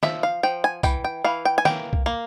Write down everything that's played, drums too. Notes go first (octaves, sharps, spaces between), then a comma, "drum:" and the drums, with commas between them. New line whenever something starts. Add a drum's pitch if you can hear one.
F3 E5, drum: snare
F5
F3 G5
G#5
E3 G5, drum: kick, tambourine
G5
E3 F5
G5
G#5
A#3 G5, drum: snare
drum: kick
A#3